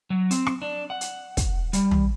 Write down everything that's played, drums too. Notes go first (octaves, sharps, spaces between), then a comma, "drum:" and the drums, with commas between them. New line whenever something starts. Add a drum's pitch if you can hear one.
F#3
C4, drum: hi-hat
drum: rim click
D4
F#5
drum: hi-hat
drum: kick, hi-hat
G3, drum: hi-hat
drum: tom